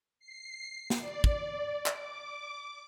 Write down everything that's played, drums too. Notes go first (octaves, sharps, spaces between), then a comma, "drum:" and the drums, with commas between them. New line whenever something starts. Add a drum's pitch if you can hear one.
C7
drum: snare
D5
drum: kick
D6, drum: clap